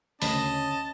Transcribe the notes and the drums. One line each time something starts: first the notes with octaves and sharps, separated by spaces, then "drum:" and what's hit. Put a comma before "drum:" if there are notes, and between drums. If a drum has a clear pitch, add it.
D2 C#3 C#4 D#5 A5 B5, drum: open hi-hat